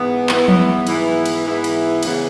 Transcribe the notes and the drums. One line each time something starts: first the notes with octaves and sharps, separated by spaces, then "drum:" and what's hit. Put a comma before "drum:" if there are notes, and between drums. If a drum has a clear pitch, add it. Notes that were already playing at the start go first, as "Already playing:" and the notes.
Already playing: G#2 E3 B3 E4
G#2 E3 B3 E4, drum: clap
drum: tom F3
G#2 E3 B3 E4, drum: cymbal
drum: cymbal
G#2 E3 B3 E4
drum: cymbal
D2 C#3 E3 B3, drum: cymbal